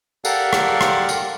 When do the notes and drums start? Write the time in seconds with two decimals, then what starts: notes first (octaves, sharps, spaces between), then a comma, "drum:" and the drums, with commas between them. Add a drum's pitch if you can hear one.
0.25 G4 A4 A#4 D5 F5 F#5, drum: tambourine
0.53 drum: rim click
0.81 drum: rim click
1.09 drum: tambourine